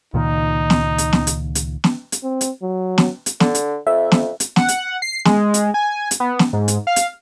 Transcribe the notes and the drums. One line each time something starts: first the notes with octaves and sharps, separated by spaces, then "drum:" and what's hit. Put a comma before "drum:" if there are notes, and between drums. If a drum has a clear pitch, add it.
C#2 A#2 D#3 D#4
drum: snare
drum: hi-hat
drum: snare
drum: hi-hat
drum: hi-hat
drum: snare
drum: hi-hat
C4
drum: hi-hat
F#3
drum: snare
drum: hi-hat
D3, drum: snare
drum: hi-hat
F2 E5
drum: snare
drum: hi-hat
F#5, drum: snare
drum: hi-hat
C7
G#3, drum: snare
drum: hi-hat
G#5
drum: hi-hat
B3
drum: snare
G#2
drum: hi-hat
F5
drum: hi-hat